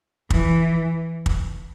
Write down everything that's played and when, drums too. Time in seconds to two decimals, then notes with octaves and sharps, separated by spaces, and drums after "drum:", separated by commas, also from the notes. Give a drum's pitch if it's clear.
0.30 E3, drum: kick
1.26 drum: kick